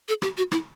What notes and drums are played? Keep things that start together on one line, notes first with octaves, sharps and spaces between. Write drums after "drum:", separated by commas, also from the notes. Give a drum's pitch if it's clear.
A4
G4, drum: rim click
F#4
E4, drum: rim click